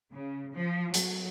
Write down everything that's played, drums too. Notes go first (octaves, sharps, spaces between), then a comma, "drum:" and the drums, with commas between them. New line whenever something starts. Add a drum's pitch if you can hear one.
C#3
F3
F#3, drum: hi-hat